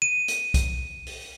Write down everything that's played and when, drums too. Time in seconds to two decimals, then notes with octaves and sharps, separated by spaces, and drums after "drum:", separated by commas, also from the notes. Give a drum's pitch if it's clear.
0.02 D#7
0.28 drum: hi-hat
0.54 drum: kick B1, hi-hat
1.06 drum: open hi-hat